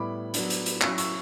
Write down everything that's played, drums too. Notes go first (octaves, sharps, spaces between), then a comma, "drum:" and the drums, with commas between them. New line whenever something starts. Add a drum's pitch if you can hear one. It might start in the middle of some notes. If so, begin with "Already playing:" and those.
Already playing: A2 G3 B3 E4 B5 D6
F#3 B3 D4, drum: hi-hat
drum: hi-hat
drum: hi-hat
F#3 C#4 E4 C#6 E6, drum: clap
C#6 E6, drum: hi-hat